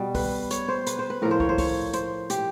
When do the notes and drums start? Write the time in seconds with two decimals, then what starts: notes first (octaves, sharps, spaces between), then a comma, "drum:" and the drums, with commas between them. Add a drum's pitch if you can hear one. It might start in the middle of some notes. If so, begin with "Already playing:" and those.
Already playing: B2 G3
0.15 B4, drum: kick, open hi-hat
0.51 C#5, drum: hi-hat
0.68 C5
0.87 B4, drum: hi-hat
0.99 C5
1.10 B4
1.22 A2 F3 A#4
1.31 C5
1.40 C#5, drum: kick
1.49 C5
1.58 C#5, drum: kick, open hi-hat
1.94 C5, drum: hi-hat
2.30 G4, drum: hi-hat